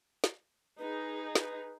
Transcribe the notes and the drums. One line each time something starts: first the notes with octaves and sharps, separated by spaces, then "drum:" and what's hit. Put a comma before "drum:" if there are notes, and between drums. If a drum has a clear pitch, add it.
drum: snare
D#4 G#4 B4
B4, drum: snare